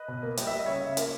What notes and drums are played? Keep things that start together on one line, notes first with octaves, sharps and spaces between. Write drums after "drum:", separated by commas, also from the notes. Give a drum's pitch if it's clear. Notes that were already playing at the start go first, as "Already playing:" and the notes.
Already playing: B4 D#5
B2
A#3
G3 G5, drum: hi-hat
E5
G3 D#5
C#3 C#5 E5
C#3
A#3, drum: hi-hat